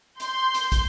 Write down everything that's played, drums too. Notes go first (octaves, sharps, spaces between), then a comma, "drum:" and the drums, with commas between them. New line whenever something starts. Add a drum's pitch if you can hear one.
C6 G6, drum: hi-hat
drum: hi-hat
drum: kick, hi-hat